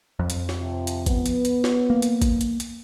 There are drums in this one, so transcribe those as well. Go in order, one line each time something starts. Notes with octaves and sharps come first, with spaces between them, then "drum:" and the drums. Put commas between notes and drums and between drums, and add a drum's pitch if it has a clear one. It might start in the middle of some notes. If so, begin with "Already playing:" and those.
F2
drum: hi-hat
drum: snare
C3 F3
drum: hi-hat
B3, drum: kick, hi-hat
drum: hi-hat
drum: hi-hat
drum: snare
A#3
drum: hi-hat
drum: kick, hi-hat
drum: hi-hat
drum: hi-hat